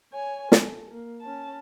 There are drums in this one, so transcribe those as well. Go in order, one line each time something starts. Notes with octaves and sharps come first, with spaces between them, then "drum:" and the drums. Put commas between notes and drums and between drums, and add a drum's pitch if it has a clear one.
C#5 G#5
A4, drum: snare
A#3
C#4 A5